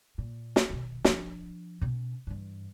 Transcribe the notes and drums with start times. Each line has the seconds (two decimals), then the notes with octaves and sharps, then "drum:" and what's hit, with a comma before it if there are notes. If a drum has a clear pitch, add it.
0.18 A#2
0.56 drum: snare
0.70 B2 D#3
1.05 F3 D4, drum: snare
1.82 B2 C#4
2.27 G2 E3